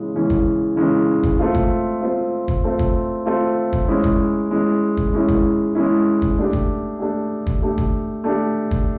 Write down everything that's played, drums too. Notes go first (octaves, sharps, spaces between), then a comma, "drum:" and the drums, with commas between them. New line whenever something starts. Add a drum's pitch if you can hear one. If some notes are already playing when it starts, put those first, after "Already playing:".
Already playing: C#3 E3 G#3 C#4
C#3 E3 G#3 C#4
drum: kick
C#3 E3 G#3 C#4
drum: kick
A3 C4 F4
drum: kick
A3 C4 F4
drum: kick
A3 C4 F4
drum: kick
A3 C4 F4
drum: kick
G#3 C#4 E4
drum: kick
G#3 C#4 E4
drum: kick
G#3 C#4 E4
drum: kick
G#3 C#4 E4
drum: kick
A3 D4 G4
drum: kick
A3 D4 G4
drum: kick
A3 D4 G4
drum: kick
A3 D4 G4
drum: kick